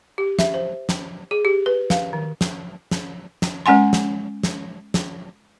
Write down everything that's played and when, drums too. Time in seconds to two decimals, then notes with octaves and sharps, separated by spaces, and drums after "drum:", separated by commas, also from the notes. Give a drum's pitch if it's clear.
0.18 G4
0.39 E5, drum: snare
0.54 C5
0.89 drum: snare
1.31 G#4
1.45 G4
1.66 B4
1.90 F5, drum: snare
2.13 D#3
2.41 drum: snare
2.91 drum: snare
3.42 drum: snare
3.66 G#3 C#4 F#5 G#5 C6
3.93 drum: snare
4.43 drum: snare
4.94 drum: snare